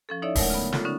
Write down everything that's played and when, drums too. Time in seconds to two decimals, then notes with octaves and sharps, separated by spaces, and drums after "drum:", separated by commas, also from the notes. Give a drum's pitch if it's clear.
0.09 F3 C#4 A4
0.22 D#4 E4 A4 C#5 D5 E5
0.35 G#3 A3 A#4 C#5 F#5, drum: kick D1, open hi-hat
0.50 C#3 B3
0.73 F4 A4, drum: snare
0.85 D3 C#4 D#4